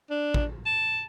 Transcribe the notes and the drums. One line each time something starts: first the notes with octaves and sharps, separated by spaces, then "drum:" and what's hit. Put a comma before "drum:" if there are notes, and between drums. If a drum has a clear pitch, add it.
D4
drum: kick A1
A5